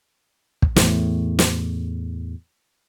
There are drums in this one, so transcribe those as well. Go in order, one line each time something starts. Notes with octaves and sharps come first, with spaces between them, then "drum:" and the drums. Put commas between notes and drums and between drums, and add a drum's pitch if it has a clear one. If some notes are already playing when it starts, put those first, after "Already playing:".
drum: kick
E2 A2, drum: snare
drum: snare